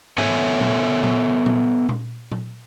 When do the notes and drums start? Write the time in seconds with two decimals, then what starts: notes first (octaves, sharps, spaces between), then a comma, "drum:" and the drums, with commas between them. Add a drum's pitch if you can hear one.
0.18 B3 A4 C#5 E5 G#5, drum: tom G#2
0.61 drum: tom A#2
1.03 drum: tom A#2
1.46 drum: tom A#2
1.89 drum: tom A#2
2.32 drum: tom A#2